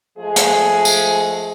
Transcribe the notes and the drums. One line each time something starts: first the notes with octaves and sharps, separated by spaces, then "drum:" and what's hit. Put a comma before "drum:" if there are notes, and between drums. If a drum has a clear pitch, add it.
F3 G#3 A3 G#4
drum: hi-hat
drum: tambourine